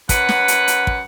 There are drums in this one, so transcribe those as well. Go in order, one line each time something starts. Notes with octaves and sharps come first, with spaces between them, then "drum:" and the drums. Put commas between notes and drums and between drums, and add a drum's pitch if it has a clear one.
F#2 B4 F#5, drum: kick, hi-hat
drum: snare
drum: hi-hat
drum: hi-hat
drum: kick